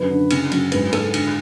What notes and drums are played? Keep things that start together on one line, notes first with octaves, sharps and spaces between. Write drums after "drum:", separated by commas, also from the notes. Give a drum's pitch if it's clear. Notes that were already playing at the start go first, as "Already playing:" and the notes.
Already playing: F#2 D3 B4
D3
C#3, drum: cymbal
F#2, drum: cymbal
G#2 B4, drum: cymbal
G#2 A4, drum: cymbal
D3, drum: cymbal